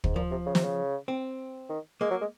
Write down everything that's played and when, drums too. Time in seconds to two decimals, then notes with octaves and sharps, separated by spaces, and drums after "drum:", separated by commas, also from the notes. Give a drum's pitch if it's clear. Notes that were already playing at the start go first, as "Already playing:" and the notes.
0.04 G#2, drum: kick
0.16 A#2 F3
0.31 C3
0.46 C#3
0.55 C3, drum: snare
0.64 C#3
1.08 C4
1.69 D#3
2.01 G#3 A#3
2.11 F#3
2.21 G#3